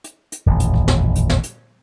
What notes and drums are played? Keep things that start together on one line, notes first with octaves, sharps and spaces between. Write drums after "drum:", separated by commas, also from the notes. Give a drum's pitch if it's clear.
drum: hi-hat
drum: hi-hat
D#1 A1 F2
drum: hi-hat
drum: kick
drum: snare
drum: hi-hat
drum: snare
drum: hi-hat